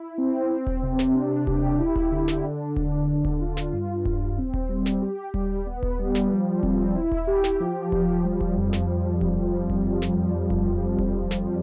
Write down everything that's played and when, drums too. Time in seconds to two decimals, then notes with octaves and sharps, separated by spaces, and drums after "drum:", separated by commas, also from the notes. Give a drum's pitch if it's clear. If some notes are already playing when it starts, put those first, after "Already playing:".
Already playing: E4
0.18 C4
0.50 C4
0.67 drum: kick D#1
0.83 C3
0.99 drum: snare
1.15 D4
1.47 G4, drum: kick D#1
1.79 E4
1.96 drum: kick D#1
2.12 D3
2.28 drum: snare
2.44 D4
2.76 D4, drum: kick D#1
3.08 D3
3.25 drum: kick D#1
3.41 F4
3.57 drum: snare
3.73 G2
4.05 G2, drum: kick D#1
4.38 C4
4.54 drum: kick D#1
4.69 G3
4.86 drum: snare
5.02 G4
5.34 G3, drum: kick D#1
5.67 B3
5.83 drum: kick D#1
5.99 G3
6.15 drum: snare
6.31 F3
6.63 C4, drum: kick D#1
6.95 E4
7.12 drum: kick D#1
7.27 G4
7.44 drum: snare
7.60 F3
7.92 F3, drum: kick D#1
8.24 G3
8.41 drum: kick D#1
8.57 F2
8.73 drum: snare
9.21 drum: kick D#1
9.70 drum: kick D#1
10.02 drum: snare
10.50 drum: kick D#1
10.99 drum: kick D#1
11.31 drum: snare